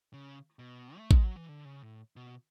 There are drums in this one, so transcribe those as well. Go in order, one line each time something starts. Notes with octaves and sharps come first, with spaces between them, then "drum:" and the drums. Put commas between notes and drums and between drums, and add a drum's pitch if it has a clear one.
C#3
B2
A3
G#3, drum: kick A1
F#3
E3
D3
C#3
A2
B2